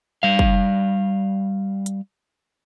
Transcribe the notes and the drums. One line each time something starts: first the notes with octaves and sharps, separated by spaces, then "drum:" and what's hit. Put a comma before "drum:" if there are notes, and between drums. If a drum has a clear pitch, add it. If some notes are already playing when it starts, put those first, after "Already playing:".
G3 F5
drum: kick
drum: hi-hat